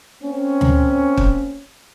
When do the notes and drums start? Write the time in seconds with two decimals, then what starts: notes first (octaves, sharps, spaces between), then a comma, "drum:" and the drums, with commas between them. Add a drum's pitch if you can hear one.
0.23 A#3 C4 C#4
0.61 drum: tom D2
1.17 drum: kick